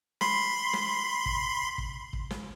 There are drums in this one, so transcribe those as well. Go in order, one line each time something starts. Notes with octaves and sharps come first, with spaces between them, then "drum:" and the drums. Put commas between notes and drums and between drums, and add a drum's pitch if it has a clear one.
B5 C6, drum: snare
drum: snare
drum: kick
drum: kick
drum: kick
drum: snare